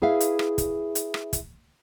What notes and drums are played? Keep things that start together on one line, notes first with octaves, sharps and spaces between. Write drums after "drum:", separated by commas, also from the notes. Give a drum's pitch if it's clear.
E4 G#4 B4 E5 F5
drum: hi-hat
drum: rim click
drum: kick, hi-hat
drum: hi-hat
drum: rim click
drum: kick, hi-hat